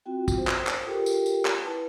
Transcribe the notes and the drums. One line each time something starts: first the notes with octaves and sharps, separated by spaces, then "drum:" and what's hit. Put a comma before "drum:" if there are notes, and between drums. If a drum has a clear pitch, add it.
C4 F4 F#4 G5
drum: kick, tambourine
C5
drum: clap
drum: clap
F4 G4 A4 A#4 G5
drum: tambourine
drum: tambourine
drum: clap
E4 B4 A5